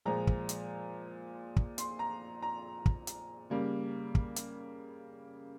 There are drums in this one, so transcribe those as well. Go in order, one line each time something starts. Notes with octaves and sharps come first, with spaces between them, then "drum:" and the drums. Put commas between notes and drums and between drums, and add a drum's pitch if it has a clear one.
A#2 F3 G#3 A#5
drum: kick
drum: hi-hat
drum: kick
C6, drum: hi-hat
A#5
A#5
drum: kick
drum: hi-hat
C#3 G3 A#3
drum: kick
drum: hi-hat